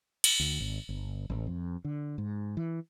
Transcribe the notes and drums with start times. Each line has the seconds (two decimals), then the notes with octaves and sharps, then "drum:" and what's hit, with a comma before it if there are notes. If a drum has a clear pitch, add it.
0.24 drum: cymbal
0.40 D2
0.60 G#1
0.89 G1
1.30 A1
1.47 F2
1.85 D3
2.18 G#2
2.57 E3